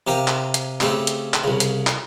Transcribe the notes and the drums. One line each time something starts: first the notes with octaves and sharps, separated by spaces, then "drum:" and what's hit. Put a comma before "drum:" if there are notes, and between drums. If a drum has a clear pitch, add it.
C3 G4 A#4 F5
drum: clap
drum: hi-hat
C#3 A3 C4 G4, drum: clap
drum: hi-hat
drum: clap
C2 C#3
drum: hi-hat
drum: clap